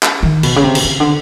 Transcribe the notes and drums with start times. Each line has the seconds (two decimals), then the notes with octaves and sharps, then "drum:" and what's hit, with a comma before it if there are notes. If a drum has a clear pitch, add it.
0.03 drum: clap
0.23 D#3
0.43 B2, drum: cymbal
0.56 C#3
0.64 C3
0.75 drum: cymbal
0.84 C#3
1.00 D3